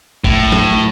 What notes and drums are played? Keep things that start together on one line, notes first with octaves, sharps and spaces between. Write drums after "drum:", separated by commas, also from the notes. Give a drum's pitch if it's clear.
A2, drum: kick
drum: snare